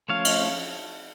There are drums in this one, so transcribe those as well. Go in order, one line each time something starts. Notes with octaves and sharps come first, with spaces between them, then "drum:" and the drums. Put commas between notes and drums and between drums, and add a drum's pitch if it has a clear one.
F3 A3 C#4 C#5 F5
drum: cymbal